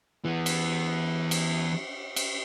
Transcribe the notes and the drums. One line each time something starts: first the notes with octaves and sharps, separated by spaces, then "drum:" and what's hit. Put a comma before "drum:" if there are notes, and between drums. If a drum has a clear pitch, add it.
E3 B3
drum: cymbal
drum: cymbal
drum: cymbal